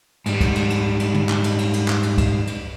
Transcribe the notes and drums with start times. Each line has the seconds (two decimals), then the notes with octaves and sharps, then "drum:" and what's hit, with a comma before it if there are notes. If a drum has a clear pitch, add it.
0.26 G#2 G3, drum: cymbal
0.41 drum: kick, cymbal
0.55 drum: cymbal
0.70 drum: cymbal
1.00 drum: cymbal
1.14 drum: tom
1.29 drum: clap
1.44 drum: cymbal
1.59 drum: cymbal
1.73 drum: cymbal
1.88 drum: clap
2.03 drum: cymbal
2.18 drum: kick, cymbal
2.47 drum: cymbal